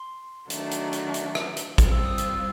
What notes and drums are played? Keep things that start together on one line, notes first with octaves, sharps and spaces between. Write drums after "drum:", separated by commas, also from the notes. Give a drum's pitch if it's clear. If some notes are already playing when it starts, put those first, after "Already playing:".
Already playing: C6
D#3 F#3 A3 D4, drum: hi-hat
drum: hi-hat
drum: hi-hat
drum: hi-hat
drum: rim click
drum: hi-hat
G3 C4 F4, drum: kick, hi-hat
E6
D#6
E6, drum: hi-hat